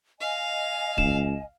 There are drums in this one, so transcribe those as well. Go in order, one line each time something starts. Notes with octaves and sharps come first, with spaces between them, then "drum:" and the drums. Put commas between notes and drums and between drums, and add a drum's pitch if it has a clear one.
D#5 F5 G#5
C#2 E7, drum: kick